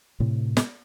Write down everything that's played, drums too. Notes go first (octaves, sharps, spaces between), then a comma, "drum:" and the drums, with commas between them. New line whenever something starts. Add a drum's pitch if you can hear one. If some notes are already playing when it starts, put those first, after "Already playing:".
A2 C3
drum: snare